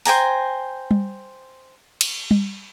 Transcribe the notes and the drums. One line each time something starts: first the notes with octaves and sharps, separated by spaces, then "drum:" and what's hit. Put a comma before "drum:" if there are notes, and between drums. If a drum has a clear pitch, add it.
C5 G5 G#5 A#5, drum: open hi-hat
drum: tom G3
drum: cymbal
drum: tom G3